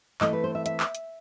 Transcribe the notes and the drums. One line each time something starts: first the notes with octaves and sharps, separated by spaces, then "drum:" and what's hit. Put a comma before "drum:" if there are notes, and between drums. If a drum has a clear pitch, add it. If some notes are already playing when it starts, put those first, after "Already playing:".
E3 A3 C4 E4 D#5, drum: clap
B4
C5
E5
E5, drum: hi-hat
drum: clap
drum: hi-hat